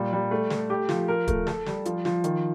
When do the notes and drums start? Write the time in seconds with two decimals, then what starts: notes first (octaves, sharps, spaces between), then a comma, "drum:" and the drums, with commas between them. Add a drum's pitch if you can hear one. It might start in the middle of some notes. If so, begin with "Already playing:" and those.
Already playing: A#2 G3
0.13 G3
0.31 A3
0.50 A3, drum: snare
0.70 G4
0.89 F3, drum: snare
1.08 A#4
1.27 A3, drum: kick, hi-hat
1.47 A4, drum: snare
1.66 G3, drum: snare
1.85 F3, drum: hi-hat
2.05 F3, drum: snare
2.24 D#3, drum: hi-hat